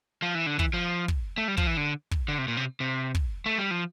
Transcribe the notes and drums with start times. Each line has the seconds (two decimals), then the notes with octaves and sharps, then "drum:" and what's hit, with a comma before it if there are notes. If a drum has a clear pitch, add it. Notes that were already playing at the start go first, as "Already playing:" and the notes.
0.22 F3
0.35 E3
0.46 D3
0.59 E3, drum: kick
0.73 F3
1.08 drum: kick
1.38 A3
1.48 G3
1.57 F3, drum: kick
1.67 E3
1.77 D3
2.11 drum: kick
2.28 D3
2.38 C3
2.48 A#2
2.57 C3
2.80 C3
3.15 drum: kick
3.46 A3
3.58 G3
3.71 F3